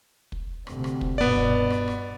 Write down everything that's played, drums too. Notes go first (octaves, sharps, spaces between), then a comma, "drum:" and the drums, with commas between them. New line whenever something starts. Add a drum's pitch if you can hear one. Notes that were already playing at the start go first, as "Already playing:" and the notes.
drum: kick
D2 C3, drum: rim click
drum: rim click
drum: kick
G2 B2 B3 D5
drum: kick
drum: rim click
drum: rim click